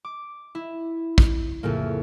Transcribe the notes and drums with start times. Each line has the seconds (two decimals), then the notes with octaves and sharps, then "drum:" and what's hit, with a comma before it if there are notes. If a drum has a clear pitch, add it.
0.05 D6
0.55 E4
1.18 drum: kick A#1
1.63 F2 A2 C#3 A#3